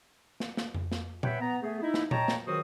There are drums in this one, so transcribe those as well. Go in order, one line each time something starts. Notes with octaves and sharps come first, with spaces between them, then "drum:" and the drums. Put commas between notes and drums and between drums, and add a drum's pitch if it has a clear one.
drum: snare
drum: snare
drum: tom F2
drum: snare
B4 C#5 E5 F#5 G5, drum: tom A#2
B3 A#5
A3 B3 G#4
D#4 E4
drum: snare
C#5 D#5 G5 A5 A#5, drum: tom A#2
drum: snare
C#2 D#3 F#3 F#4 C5 D#6